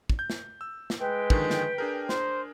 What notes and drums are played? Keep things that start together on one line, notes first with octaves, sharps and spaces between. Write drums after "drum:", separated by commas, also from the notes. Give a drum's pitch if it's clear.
drum: kick
G6
drum: snare
E6
drum: snare
G#3 B4 G5
D3 D#3 F3, drum: kick
drum: snare
D4 G#4 A#4
C5, drum: snare